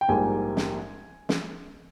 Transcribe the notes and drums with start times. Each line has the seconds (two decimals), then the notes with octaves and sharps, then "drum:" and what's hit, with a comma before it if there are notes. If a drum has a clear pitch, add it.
0.01 G5
0.08 A#1 G#2 G3 A#3 G#5
0.57 drum: snare
1.29 drum: snare